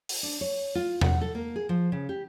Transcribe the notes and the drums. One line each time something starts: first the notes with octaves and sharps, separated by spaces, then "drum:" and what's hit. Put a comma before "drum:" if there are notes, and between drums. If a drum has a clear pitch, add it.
drum: open hi-hat
D4
C#5
F4
F#5, drum: tom E2
A4
A#3
G#4
F3
C#3
G4